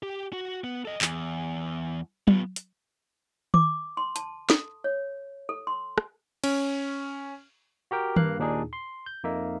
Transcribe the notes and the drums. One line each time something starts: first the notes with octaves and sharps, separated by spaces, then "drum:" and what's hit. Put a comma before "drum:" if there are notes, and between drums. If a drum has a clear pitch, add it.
G4
F#4
B3
A4 D#5
E2, drum: clap
B3 F4, drum: tom F#3
drum: hi-hat
D6, drum: tom D#3
C6
A5, drum: hi-hat
A4, drum: snare
C#5
A4
C6
drum: rim click
C#4, drum: cymbal
F#4 G4 A#4 G5
G2 A#3 F5 F#6, drum: tom D#3
D#2 A#2 D4 D#4 G#4
C6
G6
F2 A#3 D#4 E5